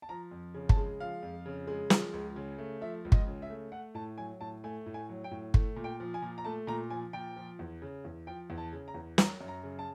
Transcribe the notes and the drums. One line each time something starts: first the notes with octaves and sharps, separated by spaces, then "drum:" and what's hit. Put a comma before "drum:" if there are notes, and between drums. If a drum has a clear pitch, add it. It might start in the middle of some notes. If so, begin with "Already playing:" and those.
A5
F3 A#5
F2
C#3
A5, drum: kick
G#3
F3 F5
F2
C#3
G#3
F3, drum: snare
C#2
C#3
A3
F3 E5
C#2
D#5, drum: kick
C#3
E5
A3
A3 F#5
A2 A5
F#3 G#5
A2 A5
A3 G#5
A2
G#5
F#3
G5
A2
A3, drum: kick
A#2
G5
F3
G#5
A#2
A#5
A3 A5
A#2 A#5
F3 G#5
A#2 G5
F3
E2
C#3
E2
F3 G5
E2
A5
C#3
A#5
E2
F#3 A#5, drum: snare
F#2
A#5
C#3
A5